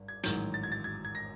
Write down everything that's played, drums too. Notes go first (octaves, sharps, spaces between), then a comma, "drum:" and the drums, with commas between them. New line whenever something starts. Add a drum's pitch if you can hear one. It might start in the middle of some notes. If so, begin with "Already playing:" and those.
Already playing: G#1 G2
G#6
A1 G#2 D#3 F#3 G6, drum: hi-hat
A6
G#6
A6
G#6
G#6
A#6